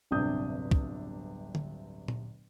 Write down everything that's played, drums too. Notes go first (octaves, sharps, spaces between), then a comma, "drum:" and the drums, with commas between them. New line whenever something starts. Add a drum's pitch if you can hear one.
D1 G1 C3 D4 D#6 G6
drum: kick
drum: tom D3
drum: tom A#2